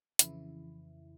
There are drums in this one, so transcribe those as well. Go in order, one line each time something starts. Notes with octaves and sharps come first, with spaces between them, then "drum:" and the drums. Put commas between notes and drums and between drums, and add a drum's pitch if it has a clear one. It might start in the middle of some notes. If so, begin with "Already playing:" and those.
F2 C#3 E3 E4, drum: hi-hat